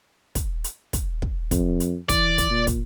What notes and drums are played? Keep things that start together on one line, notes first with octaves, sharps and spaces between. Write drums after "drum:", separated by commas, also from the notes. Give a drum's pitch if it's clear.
drum: kick, hi-hat
drum: hi-hat
drum: kick, hi-hat
drum: kick
F2, drum: kick, hi-hat
drum: hi-hat
E3 D5, drum: kick, hi-hat
drum: kick, hi-hat
A#2
drum: kick, hi-hat